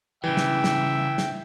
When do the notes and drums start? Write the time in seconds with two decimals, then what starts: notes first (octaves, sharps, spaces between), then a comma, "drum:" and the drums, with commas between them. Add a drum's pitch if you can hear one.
0.24 C#3 E3 G3 E5 G5
0.37 drum: snare
0.64 drum: snare
1.18 drum: snare